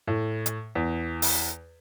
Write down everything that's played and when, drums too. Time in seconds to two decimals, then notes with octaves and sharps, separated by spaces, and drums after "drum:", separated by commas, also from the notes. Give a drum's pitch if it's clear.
0.08 A2
0.46 drum: hi-hat
0.75 E2
1.22 drum: open hi-hat